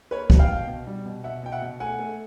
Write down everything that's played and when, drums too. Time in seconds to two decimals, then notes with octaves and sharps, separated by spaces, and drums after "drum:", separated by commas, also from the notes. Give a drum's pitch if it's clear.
0.11 A#3 B4 C#5
0.30 B2, drum: kick
0.39 F5 G5
0.49 B2
0.67 B2
0.87 G3
1.06 B2
1.24 B2 E5 F#5
1.43 B2 G5
1.52 E5 F#5
1.62 B2
1.80 A3 F#5 G#5
1.99 A3